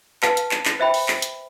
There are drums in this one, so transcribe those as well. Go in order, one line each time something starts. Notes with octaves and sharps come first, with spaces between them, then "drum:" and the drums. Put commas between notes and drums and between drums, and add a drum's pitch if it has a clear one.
B4 F5 A5, drum: clap
drum: hi-hat
drum: clap
drum: clap
C5 E5 G5 B5
drum: open hi-hat
drum: clap
drum: hi-hat